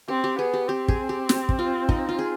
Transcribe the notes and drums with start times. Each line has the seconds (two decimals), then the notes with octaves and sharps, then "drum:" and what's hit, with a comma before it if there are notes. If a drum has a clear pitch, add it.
0.08 C4 G4
0.24 G4
0.39 B3 G#4
0.54 G4
0.68 C4 G4
0.88 G#4, drum: kick
1.09 G4
1.29 G4, drum: snare
1.49 drum: kick
1.59 F4
1.89 D#4, drum: kick
2.09 F4
2.19 G#4